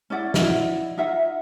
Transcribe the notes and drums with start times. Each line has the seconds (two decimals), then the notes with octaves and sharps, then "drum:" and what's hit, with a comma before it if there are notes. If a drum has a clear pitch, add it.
0.10 C#4 E4 D5 F#5
0.34 E4 D5 D#5 F#5, drum: snare
0.97 D#4 F4 E5 F#5